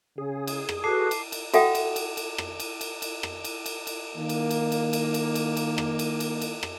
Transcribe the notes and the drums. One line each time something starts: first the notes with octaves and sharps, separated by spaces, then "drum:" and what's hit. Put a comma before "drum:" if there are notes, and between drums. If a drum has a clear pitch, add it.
C#3 G#4
drum: cymbal
drum: rim click
F#4 A4 B4 A5 D6 F#6 C7
drum: cymbal
drum: cymbal
F#4 A4 E5 F#5 G5 D#6, drum: cymbal
drum: cymbal
drum: cymbal
drum: cymbal
drum: rim click
drum: cymbal
drum: cymbal
drum: cymbal
drum: rim click
drum: cymbal
drum: cymbal
drum: cymbal
D#3 A#3
drum: cymbal
drum: cymbal
drum: cymbal
drum: cymbal
drum: cymbal
drum: cymbal
drum: cymbal
drum: rim click
drum: cymbal
drum: cymbal
drum: cymbal
drum: rim click